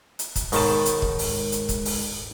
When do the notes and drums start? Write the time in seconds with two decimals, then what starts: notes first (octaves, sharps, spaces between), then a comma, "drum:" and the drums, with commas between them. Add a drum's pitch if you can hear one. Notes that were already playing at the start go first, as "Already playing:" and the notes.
0.19 drum: hi-hat
0.36 drum: kick, hi-hat
0.52 G#2 B2 D#3 A#4 C#5 A5, drum: open hi-hat
0.85 drum: hi-hat
1.02 drum: kick
1.19 drum: open hi-hat
1.52 drum: hi-hat
1.69 drum: kick, hi-hat
1.85 drum: open hi-hat